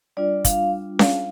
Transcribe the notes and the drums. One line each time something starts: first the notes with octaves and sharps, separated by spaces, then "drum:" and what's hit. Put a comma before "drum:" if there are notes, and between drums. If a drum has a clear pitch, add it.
G3 D4 F4 D5
F5, drum: kick, hi-hat
F5, drum: snare C#4